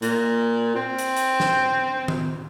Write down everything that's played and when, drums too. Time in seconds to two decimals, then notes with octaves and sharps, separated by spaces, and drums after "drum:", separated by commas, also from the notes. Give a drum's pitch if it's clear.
0.02 A#2, drum: hi-hat
0.76 C4
0.99 drum: hi-hat
1.17 drum: hi-hat
1.40 drum: snare
2.08 drum: tom D#3